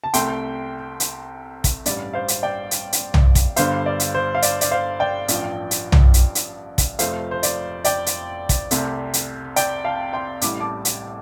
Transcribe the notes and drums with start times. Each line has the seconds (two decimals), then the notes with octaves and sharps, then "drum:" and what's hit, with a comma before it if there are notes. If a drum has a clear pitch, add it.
0.04 A5
0.14 C2 C3 A3 G5 C6, drum: hi-hat
1.00 drum: hi-hat
1.64 drum: kick, hi-hat
1.86 A1 G2 G3 D5, drum: hi-hat
2.13 C5 F5
2.28 drum: hi-hat
2.43 D5 G5
2.71 drum: hi-hat
2.93 drum: hi-hat
3.14 drum: tom B1
3.35 drum: kick, hi-hat
3.56 G1 G2 D3 G3 C5 F5, drum: hi-hat
3.86 D5
4.00 drum: hi-hat
4.14 C5
4.35 F5
4.42 D5, drum: hi-hat
4.61 D5, drum: hi-hat
4.71 C5 F5
5.00 D5 G5
5.28 A1 G2 F3, drum: hi-hat
5.71 drum: hi-hat
5.92 drum: tom B1
6.14 drum: hi-hat
6.35 drum: hi-hat
6.78 drum: kick, hi-hat
6.99 F1 F2 F3 A3 C5 F5, drum: hi-hat
7.31 C5
7.43 D5, drum: hi-hat
7.84 D5 G5, drum: hi-hat
8.06 drum: hi-hat
8.49 drum: kick, hi-hat
8.71 C2 C3 A3, drum: hi-hat
9.14 drum: hi-hat
9.56 D5 G5, drum: hi-hat
9.85 F5 A5
10.13 G5 C6
10.41 A1 A2 G3 D6, drum: hi-hat
10.60 A5 D6
10.85 drum: hi-hat